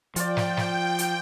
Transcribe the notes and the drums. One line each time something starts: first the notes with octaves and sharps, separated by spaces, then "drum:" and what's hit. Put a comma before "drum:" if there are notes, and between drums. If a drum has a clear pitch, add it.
F3 F4 D5 G5, drum: hi-hat
drum: snare
drum: snare
drum: hi-hat